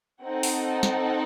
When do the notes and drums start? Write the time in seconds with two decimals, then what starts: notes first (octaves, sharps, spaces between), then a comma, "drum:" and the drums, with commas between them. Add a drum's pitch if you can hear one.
0.24 C4 D#4 A4 F#5
0.43 drum: open hi-hat
0.83 drum: snare